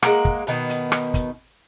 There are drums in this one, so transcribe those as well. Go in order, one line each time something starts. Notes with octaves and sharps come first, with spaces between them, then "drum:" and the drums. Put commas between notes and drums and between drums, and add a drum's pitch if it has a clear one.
G#3 A#3 F#5, drum: rim click
drum: kick
B2 D#3 B3
drum: hi-hat
drum: rim click
drum: kick, hi-hat